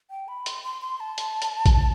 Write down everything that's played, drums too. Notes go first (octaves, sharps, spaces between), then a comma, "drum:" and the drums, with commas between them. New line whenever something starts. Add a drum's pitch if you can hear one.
G5
B5
C6, drum: hi-hat
C6
C6
A5
drum: hi-hat
drum: hi-hat
drum: kick A1, hi-hat